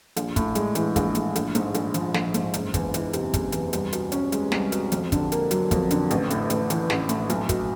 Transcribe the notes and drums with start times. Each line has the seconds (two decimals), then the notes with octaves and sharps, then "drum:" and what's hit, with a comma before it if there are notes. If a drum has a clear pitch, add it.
0.16 A#1, drum: hi-hat
0.36 A2, drum: kick, hi-hat
0.55 G#3, drum: hi-hat
0.75 E3, drum: hi-hat
0.96 A#1, drum: kick, hi-hat
1.15 A2, drum: hi-hat
1.36 A#1, drum: hi-hat
1.55 G#2, drum: hi-hat
1.74 A#1, drum: hi-hat
1.94 F3, drum: hi-hat
2.14 A#1, drum: snare
2.34 G#2, drum: hi-hat
2.54 F#1, drum: hi-hat
2.74 E2, drum: kick, hi-hat
2.94 E3, drum: hi-hat
3.13 C3, drum: hi-hat
3.34 F#1, drum: kick, hi-hat
3.52 E2, drum: hi-hat
3.73 C2, drum: hi-hat
3.93 B2, drum: hi-hat
4.12 C#4, drum: hi-hat
4.32 G#3, drum: hi-hat
4.52 C2, drum: snare
4.72 B2, drum: hi-hat
4.92 F2, drum: hi-hat
5.12 D3, drum: kick, hi-hat
5.32 A#3, drum: hi-hat
5.51 F#3, drum: hi-hat
5.71 F2, drum: kick, hi-hat
5.91 D3, drum: hi-hat
6.11 A1, drum: hi-hat
6.30 A2, drum: hi-hat
6.50 A1, drum: hi-hat
6.70 E3, drum: hi-hat
6.90 A1, drum: snare
7.09 A2, drum: hi-hat
7.30 B1, drum: hi-hat
7.49 B2, drum: kick, hi-hat